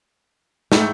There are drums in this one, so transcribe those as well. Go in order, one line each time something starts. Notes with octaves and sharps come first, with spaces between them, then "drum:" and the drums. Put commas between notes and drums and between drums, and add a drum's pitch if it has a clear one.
G#2 A3 E4 G5, drum: snare